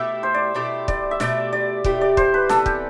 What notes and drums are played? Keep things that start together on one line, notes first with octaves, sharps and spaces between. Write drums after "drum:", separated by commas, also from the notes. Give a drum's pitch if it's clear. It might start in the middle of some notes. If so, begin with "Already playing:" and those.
Already playing: B2 A3 E4 G4 E5
C5
D5
B2 A3 E4 G4 D5
D5, drum: kick
E5
B2 A3 E4 G4 D5, drum: snare
D5
B2 A3 E4 G4, drum: kick
D5
C5, drum: kick
B4
C3 E3 B3 A4, drum: snare
G4, drum: kick